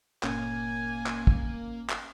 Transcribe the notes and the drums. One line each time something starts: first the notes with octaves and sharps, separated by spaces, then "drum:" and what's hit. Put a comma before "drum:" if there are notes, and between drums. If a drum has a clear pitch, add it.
G1 A#2 A#3 C#4 G#5, drum: clap
drum: clap
drum: kick
drum: clap